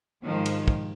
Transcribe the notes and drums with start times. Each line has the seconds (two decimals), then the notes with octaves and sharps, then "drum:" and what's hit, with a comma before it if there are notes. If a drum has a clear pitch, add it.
0.24 G#2 D#3 F3 G#3
0.46 drum: cymbal
0.68 drum: kick